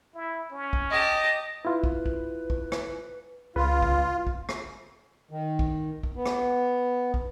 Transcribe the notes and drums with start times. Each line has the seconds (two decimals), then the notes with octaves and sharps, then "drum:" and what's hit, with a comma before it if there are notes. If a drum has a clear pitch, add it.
0.14 E4
0.51 C#4
0.73 drum: kick
0.90 G4 D#5 A5
1.65 E4 F4 B4
1.84 drum: kick
2.06 drum: kick
2.50 drum: kick
2.72 drum: rim click
3.56 C#2 F4 B4
3.82 drum: kick
4.27 drum: kick
4.49 drum: rim click
5.31 D#3
5.59 drum: kick
6.03 drum: kick
6.16 B3
6.26 drum: rim click
7.14 drum: kick